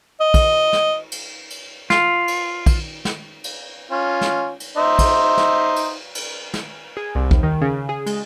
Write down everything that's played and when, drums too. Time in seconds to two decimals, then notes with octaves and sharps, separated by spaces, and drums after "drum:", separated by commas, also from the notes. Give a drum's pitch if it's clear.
0.20 D#5
0.34 drum: kick, cymbal
0.73 drum: snare
1.12 drum: cymbal
1.50 drum: cymbal
1.90 F4, drum: snare
2.28 drum: cymbal
2.66 drum: kick, cymbal
3.05 drum: snare
3.44 drum: cymbal
3.91 C#4 F4
4.21 drum: snare
4.60 drum: cymbal
4.77 D#4 C5 E5
4.99 drum: kick, cymbal
5.37 drum: snare
5.76 drum: cymbal
6.15 drum: cymbal
6.54 drum: snare
6.97 G#4
7.15 C2
7.31 D#2, drum: kick
7.43 D#3
7.62 C#3
7.89 G#4
8.06 G#3, drum: cymbal